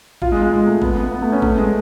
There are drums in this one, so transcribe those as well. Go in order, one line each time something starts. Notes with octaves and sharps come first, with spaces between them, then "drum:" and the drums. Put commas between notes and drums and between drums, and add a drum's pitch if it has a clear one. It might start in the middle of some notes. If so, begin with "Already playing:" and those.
F4, drum: kick
G#3
G#3
G#3
A3
B3, drum: kick
B3
B3
A3
C#4
A3, drum: kick
G#3